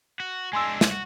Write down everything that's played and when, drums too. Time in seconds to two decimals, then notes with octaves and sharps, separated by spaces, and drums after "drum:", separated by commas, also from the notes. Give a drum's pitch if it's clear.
0.20 F#4
0.53 G#3 D4 G#5 C6 E6
0.81 drum: snare
0.91 F#4